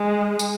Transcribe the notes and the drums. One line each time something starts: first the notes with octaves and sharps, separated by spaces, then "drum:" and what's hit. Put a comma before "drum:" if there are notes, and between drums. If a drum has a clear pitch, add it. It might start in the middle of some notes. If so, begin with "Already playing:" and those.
Already playing: G#3
drum: tambourine